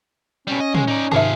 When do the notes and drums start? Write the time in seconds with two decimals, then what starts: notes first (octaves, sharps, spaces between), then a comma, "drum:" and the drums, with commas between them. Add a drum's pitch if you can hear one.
0.47 B2 G3 C#4
0.60 D#5
0.74 G#3, drum: tom
0.88 D#4 D5
1.12 G#2 C3 D#3 F4 G#4 E5 A5